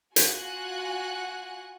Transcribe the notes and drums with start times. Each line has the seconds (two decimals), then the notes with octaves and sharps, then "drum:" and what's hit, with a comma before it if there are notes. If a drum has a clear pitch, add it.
0.16 F4 F#4 F#5 G#5 F#6, drum: hi-hat